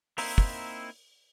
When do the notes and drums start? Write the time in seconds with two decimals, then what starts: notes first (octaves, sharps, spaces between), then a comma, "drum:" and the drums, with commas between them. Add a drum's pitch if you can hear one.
0.18 A#3 C4 D#4 E4, drum: open hi-hat
0.38 drum: kick